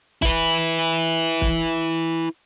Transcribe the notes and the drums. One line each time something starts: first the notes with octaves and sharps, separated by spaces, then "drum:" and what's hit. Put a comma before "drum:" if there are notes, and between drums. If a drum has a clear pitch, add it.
E4 B4, drum: kick
drum: kick